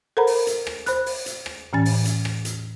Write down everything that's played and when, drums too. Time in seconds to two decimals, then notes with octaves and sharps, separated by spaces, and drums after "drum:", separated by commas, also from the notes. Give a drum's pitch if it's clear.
0.17 A4 A#4 C5 F#5 A#5 B5
0.27 drum: open hi-hat
0.47 drum: hi-hat
0.67 drum: rim click
0.86 C5 B5 F#6, drum: hi-hat
1.06 drum: open hi-hat
1.26 drum: hi-hat
1.46 drum: rim click
1.73 A2 E3 C#4 G#5 A6
1.85 drum: open hi-hat
2.05 drum: hi-hat
2.25 drum: rim click
2.45 drum: hi-hat